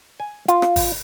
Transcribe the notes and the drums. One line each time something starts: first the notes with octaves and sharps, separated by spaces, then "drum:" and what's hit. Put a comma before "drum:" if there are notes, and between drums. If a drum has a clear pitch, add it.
G#5
F4, drum: hi-hat
drum: rim click
drum: kick, open hi-hat